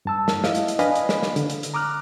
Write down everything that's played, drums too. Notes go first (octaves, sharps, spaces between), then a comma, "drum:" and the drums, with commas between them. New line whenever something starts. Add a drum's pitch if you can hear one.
G2 A5 E6
drum: snare
E4 D#5 F5, drum: snare
drum: hi-hat
drum: hi-hat
D4 B4 D#5 F5 G#5 B5, drum: hi-hat
drum: hi-hat
drum: snare
drum: snare
D3, drum: hi-hat
drum: hi-hat
drum: hi-hat
A#5 D6 D#6 F6 F#6